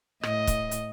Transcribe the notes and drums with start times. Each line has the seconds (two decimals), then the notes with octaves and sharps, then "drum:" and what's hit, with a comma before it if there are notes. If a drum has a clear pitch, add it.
0.23 A2 D#5, drum: rim click
0.47 drum: kick, hi-hat
0.71 drum: hi-hat